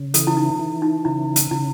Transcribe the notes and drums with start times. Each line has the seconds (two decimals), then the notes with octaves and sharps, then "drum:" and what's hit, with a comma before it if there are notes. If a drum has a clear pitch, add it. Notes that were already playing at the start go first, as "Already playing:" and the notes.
Already playing: C#3
0.14 E3 A4, drum: hi-hat
0.27 E4
0.37 D#4
0.59 E3
0.82 D#4
1.05 C#3 E4
1.36 drum: hi-hat
1.51 C#3 E4